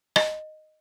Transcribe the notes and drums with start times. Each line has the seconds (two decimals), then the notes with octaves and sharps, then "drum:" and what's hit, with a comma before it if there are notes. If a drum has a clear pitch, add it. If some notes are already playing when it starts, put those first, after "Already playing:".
0.16 D#5, drum: rim click